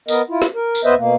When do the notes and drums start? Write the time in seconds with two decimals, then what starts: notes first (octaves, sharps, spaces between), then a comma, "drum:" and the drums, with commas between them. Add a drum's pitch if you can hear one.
0.08 B3 A#4 D#5, drum: tambourine
0.29 E4 F4
0.42 drum: snare
0.55 A#4
0.75 drum: tambourine
0.84 D#2 B3 B4 C5 D#5 E5
0.97 B2 A#3